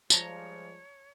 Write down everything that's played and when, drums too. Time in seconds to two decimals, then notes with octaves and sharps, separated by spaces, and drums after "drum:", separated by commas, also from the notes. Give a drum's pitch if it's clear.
0.10 F3 G3 G#3 C#5 A5 A#5 A#6, drum: tambourine